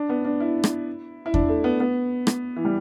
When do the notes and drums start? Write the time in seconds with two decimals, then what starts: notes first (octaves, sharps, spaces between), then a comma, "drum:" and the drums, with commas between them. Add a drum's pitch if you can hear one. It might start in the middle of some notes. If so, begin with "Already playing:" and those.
Already playing: D4
0.09 B3
0.25 D4
0.40 E4
0.64 drum: rim click
1.26 E4
1.34 D4, drum: kick E2
1.49 A3
1.64 B3
1.80 B3
2.27 drum: rim click
2.56 E3
2.65 G3